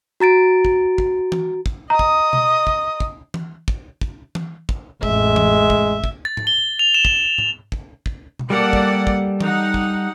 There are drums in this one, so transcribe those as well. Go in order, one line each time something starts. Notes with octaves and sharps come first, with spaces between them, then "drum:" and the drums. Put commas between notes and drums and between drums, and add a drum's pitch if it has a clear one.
F#4 A#5 A6 D7
drum: kick
drum: kick
drum: tom E3
drum: kick
D#5 A#5 D#6
drum: kick
drum: tom B2
drum: kick
drum: kick
drum: tom E3
drum: kick
drum: kick
drum: tom E3
drum: kick
A1 F2 G#3 E5, drum: kick
drum: tom E3
drum: kick
drum: kick
A6
drum: tom G#2
G7
F7
E7
drum: kick
drum: tom G#2
drum: kick
drum: kick
drum: tom B2
G3 A#3 G4 A4 D5 F#5
drum: kick
drum: kick
D#4 F#5, drum: tom E3
drum: kick